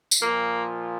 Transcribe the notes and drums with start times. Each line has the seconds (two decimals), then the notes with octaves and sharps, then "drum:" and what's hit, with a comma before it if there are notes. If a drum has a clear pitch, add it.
0.11 drum: tambourine
0.21 A#2 F3 A#3